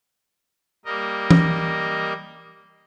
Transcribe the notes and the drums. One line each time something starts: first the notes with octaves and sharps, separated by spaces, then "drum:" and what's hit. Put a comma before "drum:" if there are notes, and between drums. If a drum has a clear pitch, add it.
G3 A#3 A#4 D#5
drum: tom